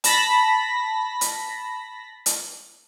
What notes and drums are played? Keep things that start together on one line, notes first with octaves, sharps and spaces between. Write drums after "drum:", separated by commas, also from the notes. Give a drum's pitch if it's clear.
A5 B5 A#6 B6, drum: hi-hat
drum: hi-hat
drum: hi-hat